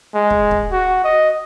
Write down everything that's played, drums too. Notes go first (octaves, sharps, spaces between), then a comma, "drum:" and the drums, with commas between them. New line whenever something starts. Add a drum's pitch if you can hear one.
G#3
drum: kick
drum: kick
F#4
D#5